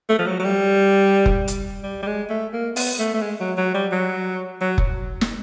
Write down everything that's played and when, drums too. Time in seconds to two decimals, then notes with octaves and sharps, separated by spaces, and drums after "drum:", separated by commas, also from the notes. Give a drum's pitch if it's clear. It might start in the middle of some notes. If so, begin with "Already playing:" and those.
0.10 A3
0.19 F3
0.27 F#3
0.40 F#3
0.45 G3
1.26 drum: kick F1
1.48 drum: hi-hat
1.84 G3
2.03 G3
2.07 G#3
2.30 A3
2.53 A#3
2.76 B3, drum: open hi-hat
2.99 A3
3.14 A3
3.22 G#3
3.40 F#3
3.58 F#3
3.74 G3
3.92 F#3
4.61 F#3
4.78 drum: kick F1
5.21 drum: snare